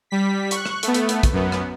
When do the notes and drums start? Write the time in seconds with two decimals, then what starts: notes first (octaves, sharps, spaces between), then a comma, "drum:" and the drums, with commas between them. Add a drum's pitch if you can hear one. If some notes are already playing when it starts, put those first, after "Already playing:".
0.10 G3 B6
0.51 C#6 F#6, drum: hi-hat
0.66 drum: rim click
0.83 A3 B3, drum: hi-hat
0.94 drum: hi-hat
1.09 drum: hi-hat
1.23 drum: kick, hi-hat
1.33 F#2 B3
1.52 drum: rim click